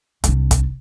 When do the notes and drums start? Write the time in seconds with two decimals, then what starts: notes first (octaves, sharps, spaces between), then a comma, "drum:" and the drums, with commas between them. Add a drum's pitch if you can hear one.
0.24 C2 D4, drum: hi-hat
0.51 drum: kick, hi-hat